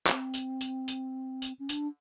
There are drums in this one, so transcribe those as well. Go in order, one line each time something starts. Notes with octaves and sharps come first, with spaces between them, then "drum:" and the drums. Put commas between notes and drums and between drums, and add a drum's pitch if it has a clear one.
C4, drum: clap
drum: tambourine
drum: tambourine
drum: tambourine
drum: tambourine
C#4
D4, drum: tambourine